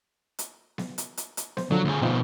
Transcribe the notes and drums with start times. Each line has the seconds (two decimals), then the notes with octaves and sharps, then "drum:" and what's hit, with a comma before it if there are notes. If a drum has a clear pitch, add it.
0.39 drum: hi-hat
0.78 drum: snare B3
0.98 drum: hi-hat
1.17 drum: hi-hat
1.37 drum: hi-hat
1.57 C5, drum: snare B3
1.71 D3 F3 F#3
1.85 D2 G#4
2.02 B2 F3 C4 D#4 F4